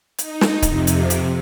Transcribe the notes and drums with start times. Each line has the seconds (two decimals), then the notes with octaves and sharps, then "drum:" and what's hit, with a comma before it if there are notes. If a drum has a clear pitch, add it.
0.18 D#4, drum: hi-hat
0.41 drum: snare
0.62 F2 C3, drum: kick C#1, hi-hat
0.87 drum: hi-hat
1.10 drum: hi-hat